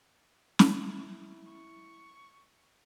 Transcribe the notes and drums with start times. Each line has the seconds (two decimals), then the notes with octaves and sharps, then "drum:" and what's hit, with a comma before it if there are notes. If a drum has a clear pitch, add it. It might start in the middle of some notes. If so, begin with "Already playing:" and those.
0.59 E4, drum: snare
1.46 C#6